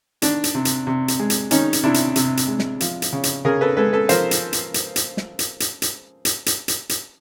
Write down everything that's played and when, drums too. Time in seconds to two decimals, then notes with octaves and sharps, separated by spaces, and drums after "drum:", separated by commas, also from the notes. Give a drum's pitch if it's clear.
0.22 D#3 D4, drum: hi-hat
0.44 drum: hi-hat
0.55 C3
0.65 drum: hi-hat
0.87 C3
1.08 drum: hi-hat
1.19 G#3
1.30 drum: hi-hat
1.51 D#3 C#4 D#4, drum: hi-hat
1.73 drum: hi-hat
1.84 C3 D4 E4
1.94 drum: hi-hat
2.16 C3, drum: hi-hat
2.37 drum: hi-hat
2.48 G#3
2.59 drum: snare
2.80 F3, drum: hi-hat
3.02 drum: hi-hat
3.12 C#3
3.23 drum: hi-hat
3.45 C#3 G#4 A#4
3.61 A4 B4
3.77 G#3 A4 B4
3.93 A4 B4
4.09 F3 A#4 C5, drum: hi-hat
4.31 drum: hi-hat
4.53 drum: hi-hat
4.74 drum: hi-hat
4.96 drum: hi-hat
5.17 drum: snare
5.39 drum: hi-hat
5.60 drum: hi-hat
5.82 drum: hi-hat
6.25 drum: hi-hat
6.46 drum: hi-hat
6.68 drum: hi-hat
6.89 drum: hi-hat